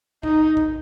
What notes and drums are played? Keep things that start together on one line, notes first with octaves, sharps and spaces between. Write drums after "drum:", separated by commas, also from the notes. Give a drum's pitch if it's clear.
D#4, drum: kick A1
drum: kick A1